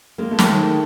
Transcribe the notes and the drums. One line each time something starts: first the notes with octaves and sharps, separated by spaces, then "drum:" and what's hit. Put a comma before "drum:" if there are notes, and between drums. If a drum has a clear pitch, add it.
G#3 A#3
A3
D#3, drum: snare